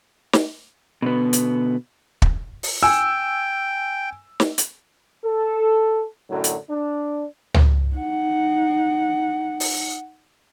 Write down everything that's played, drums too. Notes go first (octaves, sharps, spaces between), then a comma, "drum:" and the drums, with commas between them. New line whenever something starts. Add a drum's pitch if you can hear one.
drum: snare
B2 D3 B3
drum: hi-hat
drum: kick
drum: open hi-hat
G5 G#5 E6
drum: snare
drum: hi-hat
A4
F#2 A2 D3 F#3
drum: hi-hat
D4
drum: tom C#2
D#4 F#5
drum: open hi-hat